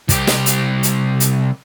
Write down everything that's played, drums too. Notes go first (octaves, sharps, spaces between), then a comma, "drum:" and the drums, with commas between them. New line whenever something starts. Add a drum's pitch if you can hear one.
C2 G4, drum: kick, hi-hat
drum: snare
drum: hi-hat
drum: hi-hat
drum: hi-hat